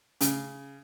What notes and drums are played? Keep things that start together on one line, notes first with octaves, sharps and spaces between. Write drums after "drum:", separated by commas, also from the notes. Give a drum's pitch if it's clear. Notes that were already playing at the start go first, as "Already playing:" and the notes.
C#3, drum: hi-hat